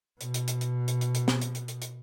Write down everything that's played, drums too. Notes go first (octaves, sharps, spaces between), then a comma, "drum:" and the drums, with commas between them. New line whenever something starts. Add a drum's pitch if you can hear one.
B2, drum: hi-hat
drum: hi-hat
drum: hi-hat
drum: hi-hat
drum: hi-hat
drum: hi-hat
drum: hi-hat
drum: snare
drum: hi-hat
drum: hi-hat
drum: hi-hat
drum: hi-hat